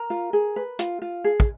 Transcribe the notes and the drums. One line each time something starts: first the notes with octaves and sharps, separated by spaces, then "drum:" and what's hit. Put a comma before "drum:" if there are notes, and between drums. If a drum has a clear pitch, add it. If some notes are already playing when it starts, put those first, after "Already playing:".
Already playing: A#4 A#5
F4
G#4
B4
F4, drum: hi-hat
F4
G#4
drum: kick